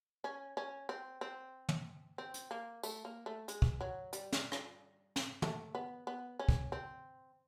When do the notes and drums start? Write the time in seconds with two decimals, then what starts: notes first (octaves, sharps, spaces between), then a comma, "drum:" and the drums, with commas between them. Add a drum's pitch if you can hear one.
0.24 C#4
0.57 C#4
0.89 C4
1.21 C4
1.69 drum: tom
2.18 C4
2.34 drum: hi-hat
2.51 A#3
2.83 A3, drum: tambourine
3.05 A#3
3.26 A3
3.48 G#3, drum: hi-hat
3.62 drum: kick
3.81 F#3
4.13 G3, drum: hi-hat
4.32 drum: snare
4.52 drum: rim click
5.16 drum: snare
5.42 A3, drum: tom
5.75 B3
6.07 B3
6.39 C#4
6.49 drum: kick
6.72 C4